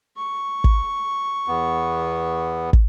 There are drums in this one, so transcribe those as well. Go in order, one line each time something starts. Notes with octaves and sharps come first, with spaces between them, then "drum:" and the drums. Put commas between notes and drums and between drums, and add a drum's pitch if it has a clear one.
C#6
drum: kick
E2 B3
drum: kick